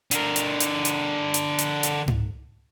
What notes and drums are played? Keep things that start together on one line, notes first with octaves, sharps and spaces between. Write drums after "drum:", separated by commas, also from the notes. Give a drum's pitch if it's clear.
D3 A#4, drum: hi-hat
drum: hi-hat
drum: hi-hat
drum: hi-hat
drum: hi-hat
drum: hi-hat
drum: hi-hat
drum: tom G#2